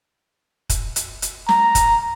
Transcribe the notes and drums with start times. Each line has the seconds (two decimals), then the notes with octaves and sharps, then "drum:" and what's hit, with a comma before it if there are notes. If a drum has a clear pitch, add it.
0.70 drum: kick, hi-hat
0.96 drum: hi-hat
1.22 drum: hi-hat
1.49 A#5, drum: snare
1.75 drum: kick, hi-hat